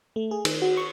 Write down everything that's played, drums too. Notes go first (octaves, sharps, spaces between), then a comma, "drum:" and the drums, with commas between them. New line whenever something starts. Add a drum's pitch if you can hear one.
A3
G#4
D#3, drum: cymbal
F#4
C#6